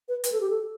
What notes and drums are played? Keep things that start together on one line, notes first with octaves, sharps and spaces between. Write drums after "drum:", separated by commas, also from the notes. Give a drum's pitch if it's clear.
B4
B4, drum: hi-hat
A4
G4
A4